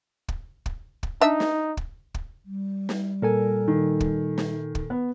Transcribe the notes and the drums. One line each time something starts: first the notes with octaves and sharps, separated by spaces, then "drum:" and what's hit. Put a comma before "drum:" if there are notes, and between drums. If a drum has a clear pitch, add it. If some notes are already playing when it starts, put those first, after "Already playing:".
drum: kick
drum: kick
drum: kick
D4 D#4 E5
drum: snare
drum: kick
drum: kick
G3
drum: snare
A#2 A4 A#4 G#5
D#3
drum: kick
drum: snare
drum: kick
B3